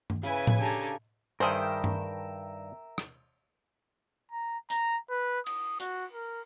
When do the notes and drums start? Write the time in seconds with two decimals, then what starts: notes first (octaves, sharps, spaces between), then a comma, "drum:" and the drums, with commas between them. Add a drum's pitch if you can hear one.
0.10 drum: tom G2
0.23 C#3 E4 B4 G#5
0.47 drum: tom A2
0.59 D4 G4 A4 A#5
1.40 G2 D#3 G#4 A#4 C5 E5 G5
1.84 drum: tom G2
2.98 drum: rim click
4.31 A#5
4.70 A#5, drum: hi-hat
5.10 B4
5.46 D#6, drum: cymbal
5.80 F#4, drum: hi-hat
6.13 A#4